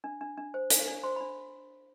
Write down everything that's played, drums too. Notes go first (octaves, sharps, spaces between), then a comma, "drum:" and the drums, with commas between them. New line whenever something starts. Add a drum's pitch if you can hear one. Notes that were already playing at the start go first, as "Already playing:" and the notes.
D4
D4
D4
C5
D4, drum: hi-hat
D4
C5 C6
B5
D4